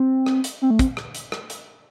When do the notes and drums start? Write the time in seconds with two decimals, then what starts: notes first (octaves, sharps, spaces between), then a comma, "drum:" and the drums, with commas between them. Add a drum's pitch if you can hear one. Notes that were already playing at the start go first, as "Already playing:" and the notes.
Already playing: C4
0.26 drum: rim click
0.44 drum: hi-hat
0.62 C4
0.70 A3
0.79 C4, drum: kick, hi-hat
0.97 drum: rim click
1.15 drum: hi-hat
1.32 drum: rim click
1.50 drum: hi-hat